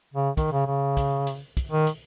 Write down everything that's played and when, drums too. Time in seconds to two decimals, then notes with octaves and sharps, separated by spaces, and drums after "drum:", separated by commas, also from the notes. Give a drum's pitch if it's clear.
0.14 C#3
0.37 D#3, drum: kick, hi-hat
0.52 C#3
0.66 C#3
0.97 drum: kick, hi-hat
1.27 drum: hi-hat
1.57 drum: kick, hi-hat
1.72 D#3
1.87 drum: hi-hat